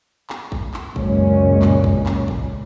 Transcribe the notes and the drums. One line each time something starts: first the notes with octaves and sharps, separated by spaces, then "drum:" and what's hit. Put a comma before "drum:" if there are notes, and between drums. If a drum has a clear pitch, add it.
drum: clap
drum: kick G#1
drum: clap
C#2 F#2 A#2 G#3 C#4, drum: kick G#1
drum: clap
drum: kick G#1
drum: clap
drum: kick G#1